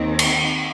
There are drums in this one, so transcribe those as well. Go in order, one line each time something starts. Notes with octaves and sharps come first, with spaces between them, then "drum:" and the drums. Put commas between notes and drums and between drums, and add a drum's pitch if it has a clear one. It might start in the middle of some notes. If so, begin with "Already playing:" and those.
Already playing: D#2 D#3 C4
drum: cymbal